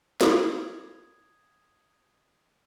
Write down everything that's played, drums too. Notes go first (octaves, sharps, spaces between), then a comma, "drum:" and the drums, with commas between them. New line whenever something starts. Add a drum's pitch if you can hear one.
D#6 G#6, drum: snare